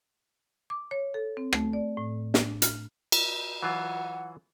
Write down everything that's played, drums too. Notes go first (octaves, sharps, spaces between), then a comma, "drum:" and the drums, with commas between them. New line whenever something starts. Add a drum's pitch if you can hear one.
D6
C#5
A4
C4
A3, drum: rim click
D5
A2
D4, drum: snare
F6, drum: hi-hat
drum: cymbal
E3 F#3 F4 F#5